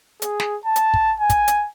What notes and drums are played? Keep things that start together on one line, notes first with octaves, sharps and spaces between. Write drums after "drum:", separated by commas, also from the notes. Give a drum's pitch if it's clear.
G#4, drum: hi-hat
drum: snare
A5
drum: hi-hat
drum: kick
G#5
drum: kick, hi-hat
drum: hi-hat